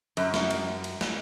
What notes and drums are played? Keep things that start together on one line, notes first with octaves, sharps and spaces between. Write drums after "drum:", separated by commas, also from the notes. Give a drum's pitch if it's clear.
F#2, drum: cymbal
drum: snare
drum: cymbal
drum: cymbal
drum: snare